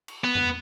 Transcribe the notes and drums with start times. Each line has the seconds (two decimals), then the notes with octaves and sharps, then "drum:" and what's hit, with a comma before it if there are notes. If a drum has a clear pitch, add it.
0.08 drum: cymbal
0.24 B3
0.35 drum: tom E2